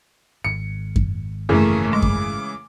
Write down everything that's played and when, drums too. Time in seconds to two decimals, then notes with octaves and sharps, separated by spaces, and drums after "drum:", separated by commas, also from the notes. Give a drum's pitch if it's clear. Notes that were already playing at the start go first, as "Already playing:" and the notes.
0.44 G#1 C#7
0.96 drum: kick F#2
1.49 F#2 C#3 E3 A3 A#3 C#4
1.93 G#3 D6
2.02 drum: kick F#2